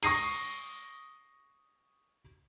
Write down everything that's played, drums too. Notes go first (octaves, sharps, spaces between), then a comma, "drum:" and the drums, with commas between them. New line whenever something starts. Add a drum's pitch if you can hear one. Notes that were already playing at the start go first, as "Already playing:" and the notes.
C#6 D#6 A#6 C7 D#7, drum: cymbal